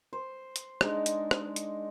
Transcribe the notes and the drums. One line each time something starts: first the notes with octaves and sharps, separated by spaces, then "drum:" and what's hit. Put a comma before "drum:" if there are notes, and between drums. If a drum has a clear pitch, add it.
C5
drum: hi-hat
G#3 D4 D#4, drum: rim click
drum: hi-hat
drum: rim click
drum: hi-hat